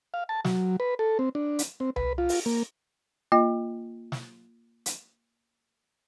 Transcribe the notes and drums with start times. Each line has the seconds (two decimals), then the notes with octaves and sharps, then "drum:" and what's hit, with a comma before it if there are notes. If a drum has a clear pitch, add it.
0.14 F5
0.29 A5
0.45 F#3, drum: snare
0.80 B4
0.99 A4
1.19 C4
1.35 D4
1.59 drum: hi-hat
1.80 C4
1.96 B4, drum: tom C2
2.18 F4
2.29 drum: open hi-hat
2.46 A#3
3.32 A#3 F4 D#5
4.12 drum: snare
4.86 drum: hi-hat